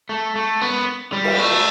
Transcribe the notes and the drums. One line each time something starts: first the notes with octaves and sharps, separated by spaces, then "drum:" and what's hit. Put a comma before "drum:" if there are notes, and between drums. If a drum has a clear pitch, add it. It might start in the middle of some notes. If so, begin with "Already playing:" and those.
A3
A3
B3
G3
drum: cymbal
A3